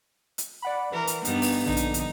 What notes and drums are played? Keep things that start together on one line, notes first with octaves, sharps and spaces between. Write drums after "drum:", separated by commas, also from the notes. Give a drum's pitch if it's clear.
drum: hi-hat
D5 F#5 B5
E3 A#4 B4
drum: hi-hat
G2 B3 D#4, drum: hi-hat
drum: open hi-hat
A#1 D3 D#4
drum: hi-hat
drum: hi-hat